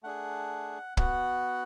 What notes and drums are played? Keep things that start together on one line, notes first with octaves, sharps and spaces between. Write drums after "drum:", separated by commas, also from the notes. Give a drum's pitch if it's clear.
A3 D4 G#4 F#5
B3 F#4 F#5, drum: kick